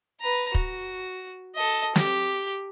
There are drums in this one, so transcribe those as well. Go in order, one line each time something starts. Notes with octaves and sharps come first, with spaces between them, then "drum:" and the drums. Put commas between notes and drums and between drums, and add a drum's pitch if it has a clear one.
B4 A#5
F#4, drum: kick
A4 D#5
G4, drum: snare